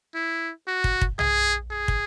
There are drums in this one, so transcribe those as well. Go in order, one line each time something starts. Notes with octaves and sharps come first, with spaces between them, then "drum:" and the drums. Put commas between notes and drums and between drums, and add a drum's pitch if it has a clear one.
E4
F#4
drum: kick
drum: kick
G#4, drum: tom
G#4
drum: kick